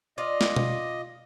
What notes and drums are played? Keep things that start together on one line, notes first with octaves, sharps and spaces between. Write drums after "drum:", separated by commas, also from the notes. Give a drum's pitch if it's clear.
F4 D5 D#5
drum: snare
drum: tom B2